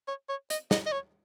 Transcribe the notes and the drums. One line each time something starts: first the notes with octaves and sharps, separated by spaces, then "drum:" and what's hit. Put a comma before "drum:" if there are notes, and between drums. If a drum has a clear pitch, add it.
C#5
C#5
D#5, drum: hi-hat
D#5, drum: snare
D#5
C#5